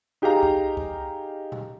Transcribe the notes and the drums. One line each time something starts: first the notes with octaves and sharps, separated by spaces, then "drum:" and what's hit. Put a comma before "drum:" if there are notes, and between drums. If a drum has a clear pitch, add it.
D#4 G4 G#4 F5 A#5
drum: kick
drum: kick
drum: tom A#2